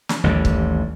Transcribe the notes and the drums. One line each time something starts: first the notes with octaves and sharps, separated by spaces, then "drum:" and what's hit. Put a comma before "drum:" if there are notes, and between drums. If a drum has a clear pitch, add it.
drum: snare
A1 D#2 E3 G3
drum: kick